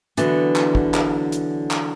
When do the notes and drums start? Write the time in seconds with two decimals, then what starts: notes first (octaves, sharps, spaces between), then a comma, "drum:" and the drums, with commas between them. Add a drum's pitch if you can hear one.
0.17 D3 E3 F#3 B3 D4, drum: hi-hat
0.56 drum: clap
0.75 drum: kick
0.94 drum: clap
1.32 drum: hi-hat
1.71 drum: clap